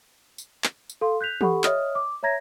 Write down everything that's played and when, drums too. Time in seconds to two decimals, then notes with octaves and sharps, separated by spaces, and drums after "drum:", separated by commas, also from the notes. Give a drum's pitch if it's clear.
0.38 drum: tambourine
0.64 drum: clap
0.90 drum: tambourine
1.01 A4 F5 C6
1.21 F#6 G6 B6 F7
1.41 G4 A4 F#5 B5 C#6, drum: tom E3
1.64 C#5 D#5 E5 D#6 F6, drum: clap
1.95 D6
2.23 C#5 E5 A#5 G#6 A#6